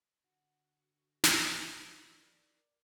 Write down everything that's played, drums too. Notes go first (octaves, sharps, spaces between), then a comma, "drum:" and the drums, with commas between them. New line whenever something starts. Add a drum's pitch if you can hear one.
D3 F#4
drum: snare
A#4 D5